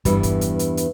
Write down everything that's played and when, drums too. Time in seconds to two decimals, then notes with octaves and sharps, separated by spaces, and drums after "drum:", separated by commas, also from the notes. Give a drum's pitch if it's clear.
0.05 E2 G2 E3 G3, drum: kick, hi-hat
0.23 drum: kick, hi-hat
0.41 drum: hi-hat
0.59 drum: hi-hat
0.77 drum: hi-hat